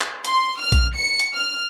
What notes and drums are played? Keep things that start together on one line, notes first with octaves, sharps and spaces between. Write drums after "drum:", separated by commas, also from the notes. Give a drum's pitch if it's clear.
drum: clap
C6, drum: hi-hat
F6
drum: kick A#1, hi-hat
C#7
drum: hi-hat
F6